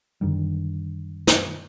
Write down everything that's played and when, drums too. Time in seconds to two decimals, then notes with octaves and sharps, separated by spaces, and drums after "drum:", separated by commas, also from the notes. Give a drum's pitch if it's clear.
0.21 F#2 D3 D#3 G3
1.27 drum: snare